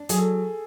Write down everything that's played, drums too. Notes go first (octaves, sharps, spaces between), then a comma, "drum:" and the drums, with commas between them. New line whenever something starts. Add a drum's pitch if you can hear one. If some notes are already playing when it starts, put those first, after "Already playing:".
Already playing: D4
F#3 G#4, drum: hi-hat
A4